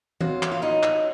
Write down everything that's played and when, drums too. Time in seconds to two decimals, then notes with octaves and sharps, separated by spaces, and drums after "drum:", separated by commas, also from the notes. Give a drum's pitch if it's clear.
0.21 F#3 F4, drum: tom
0.43 A2, drum: clap
0.52 F4
0.62 F#3 D#4
0.83 F#3, drum: clap